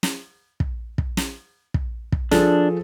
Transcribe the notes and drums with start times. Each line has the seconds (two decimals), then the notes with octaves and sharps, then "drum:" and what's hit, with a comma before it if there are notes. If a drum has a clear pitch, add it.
0.03 drum: snare
0.60 drum: kick
0.98 drum: kick
1.17 drum: snare
1.74 drum: kick
2.12 drum: kick
2.31 F3 D4 G#4 A4, drum: snare